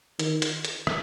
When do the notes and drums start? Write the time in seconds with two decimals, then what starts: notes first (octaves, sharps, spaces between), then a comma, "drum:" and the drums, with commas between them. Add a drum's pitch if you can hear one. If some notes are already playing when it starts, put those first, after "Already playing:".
0.19 D#3, drum: hi-hat
0.42 drum: hi-hat
0.65 drum: hi-hat
0.87 drum: rim click